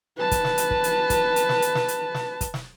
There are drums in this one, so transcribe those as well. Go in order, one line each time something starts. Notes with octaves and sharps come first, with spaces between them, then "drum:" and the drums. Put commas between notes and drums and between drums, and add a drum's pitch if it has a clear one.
B4 A5
drum: kick, hi-hat
drum: snare
drum: hi-hat
drum: kick
drum: hi-hat
drum: kick, hi-hat
drum: hi-hat
drum: snare
drum: hi-hat
drum: snare
drum: hi-hat
drum: snare
drum: kick, hi-hat
drum: snare